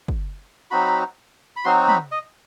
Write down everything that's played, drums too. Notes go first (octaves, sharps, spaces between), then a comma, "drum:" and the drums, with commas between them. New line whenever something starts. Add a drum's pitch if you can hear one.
drum: kick
F#3 C4 D#4 F#4 B5
B5
F#3 C4 D#4 F#4 C6
B5, drum: tom
D#5